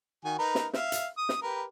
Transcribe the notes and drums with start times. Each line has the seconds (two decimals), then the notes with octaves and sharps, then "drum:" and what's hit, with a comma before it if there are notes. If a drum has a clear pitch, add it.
0.25 D#3 F#4 G#5
0.39 D#4 A#4 B4
0.55 drum: snare
0.73 E5 F5, drum: snare
0.92 drum: hi-hat
1.18 D#6
1.29 drum: snare
1.42 G4 A#4 B4